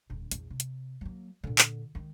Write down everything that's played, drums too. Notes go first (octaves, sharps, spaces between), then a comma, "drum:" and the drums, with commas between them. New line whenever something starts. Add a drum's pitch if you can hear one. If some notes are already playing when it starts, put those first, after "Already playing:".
D#1 D3
A#1 E2, drum: hi-hat
C3
drum: hi-hat
F#3 A#3
A#2 D3
drum: clap
D#3 G#3